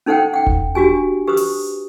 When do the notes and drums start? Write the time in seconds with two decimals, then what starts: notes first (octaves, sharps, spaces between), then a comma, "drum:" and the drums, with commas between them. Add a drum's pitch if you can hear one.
0.06 C#4 D#4 A4 C5 F#5 G5
0.34 F#5 G5
0.47 drum: kick E1
0.75 D4 F#4 G4 G#5
1.27 G4 B4 C5 D#6
1.37 drum: open hi-hat